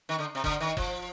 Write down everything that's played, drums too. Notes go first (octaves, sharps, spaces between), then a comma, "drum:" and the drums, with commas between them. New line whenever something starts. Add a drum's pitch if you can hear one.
D#3
D3
C3
D3, drum: kick F#1
D#3
F3, drum: kick F#1